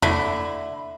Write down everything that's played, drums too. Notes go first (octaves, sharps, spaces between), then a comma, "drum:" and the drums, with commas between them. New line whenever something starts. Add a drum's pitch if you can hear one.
D3 A3 E4, drum: tom E2